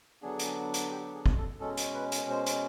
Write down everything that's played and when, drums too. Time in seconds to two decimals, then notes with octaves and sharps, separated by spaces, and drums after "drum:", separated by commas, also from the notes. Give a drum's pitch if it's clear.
0.22 D3 F#3 B3 D4 G#4
0.39 drum: hi-hat
0.74 drum: hi-hat
0.91 G4
1.14 G#4
1.26 drum: kick
1.37 A4
1.60 B2 G#3 C#4 A4
1.77 drum: hi-hat
1.94 B4
2.12 drum: hi-hat
2.29 C5
2.46 drum: hi-hat